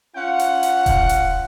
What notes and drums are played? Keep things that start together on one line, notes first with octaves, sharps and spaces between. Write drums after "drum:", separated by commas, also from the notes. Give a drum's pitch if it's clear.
C#4 F4 F#5
drum: hi-hat
drum: hi-hat
drum: kick D#1, hi-hat
drum: hi-hat